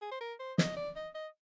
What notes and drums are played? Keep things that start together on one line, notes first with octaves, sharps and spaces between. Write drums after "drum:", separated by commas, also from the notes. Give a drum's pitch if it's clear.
G#4
C5
A#4
C5
D#5, drum: snare
D5
D#5
D#5